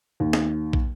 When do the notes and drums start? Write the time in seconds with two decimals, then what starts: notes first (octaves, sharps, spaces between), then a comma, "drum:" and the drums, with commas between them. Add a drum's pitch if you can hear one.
0.20 D#2
0.33 drum: snare
0.73 drum: kick